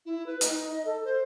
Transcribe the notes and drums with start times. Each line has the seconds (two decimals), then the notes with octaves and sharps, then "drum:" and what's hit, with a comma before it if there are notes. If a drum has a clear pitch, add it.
0.06 E4
0.26 B4
0.41 D#4, drum: hi-hat
0.71 D#5
0.85 A4
1.04 C5